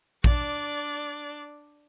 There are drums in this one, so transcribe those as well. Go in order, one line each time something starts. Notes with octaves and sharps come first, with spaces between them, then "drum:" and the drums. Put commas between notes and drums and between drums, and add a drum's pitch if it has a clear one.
D4 D5, drum: kick